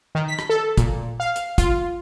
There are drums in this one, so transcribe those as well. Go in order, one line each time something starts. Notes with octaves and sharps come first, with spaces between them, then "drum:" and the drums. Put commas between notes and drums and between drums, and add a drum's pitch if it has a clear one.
D#3
B6
drum: rim click
A4
A#2, drum: kick, hi-hat
F5
drum: hi-hat
F4, drum: kick, hi-hat